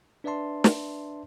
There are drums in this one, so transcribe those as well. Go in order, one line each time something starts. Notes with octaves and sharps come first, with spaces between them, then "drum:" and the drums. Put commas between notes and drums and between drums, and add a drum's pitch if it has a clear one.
D4 B4 D5 E5 A5 C6
drum: snare